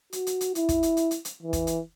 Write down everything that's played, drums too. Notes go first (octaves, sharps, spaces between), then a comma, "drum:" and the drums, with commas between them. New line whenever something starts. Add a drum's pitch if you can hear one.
F#4, drum: hi-hat
drum: hi-hat
drum: hi-hat
E4, drum: hi-hat
drum: kick, hi-hat
drum: hi-hat
drum: hi-hat
drum: hi-hat
drum: hi-hat
E3
drum: kick, hi-hat
drum: hi-hat